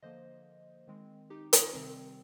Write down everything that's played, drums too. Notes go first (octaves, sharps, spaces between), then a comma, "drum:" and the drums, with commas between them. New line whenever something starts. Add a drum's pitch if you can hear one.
D3 F3 A#3 C5 D#5
D#3 G#3 C4
D#4 G4
F4, drum: hi-hat
C3 D#3 G3 C4